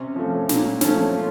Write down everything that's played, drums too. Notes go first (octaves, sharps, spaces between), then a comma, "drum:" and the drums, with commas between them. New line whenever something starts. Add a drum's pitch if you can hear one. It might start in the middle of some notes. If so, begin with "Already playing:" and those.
Already playing: C3 C#4
F3 A3
A#2, drum: snare
F3 A3 C#4, drum: snare
F4